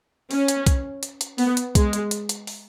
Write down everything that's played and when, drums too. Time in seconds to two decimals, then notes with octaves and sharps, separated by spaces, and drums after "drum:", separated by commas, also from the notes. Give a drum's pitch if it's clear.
0.31 C#4, drum: open hi-hat
0.48 drum: hi-hat
0.67 drum: kick B1, hi-hat
1.03 drum: hi-hat
1.21 drum: hi-hat
1.38 B3, drum: open hi-hat
1.57 drum: hi-hat
1.75 G#3, drum: kick B1, hi-hat
1.93 drum: hi-hat
2.11 drum: hi-hat
2.29 drum: hi-hat
2.47 drum: open hi-hat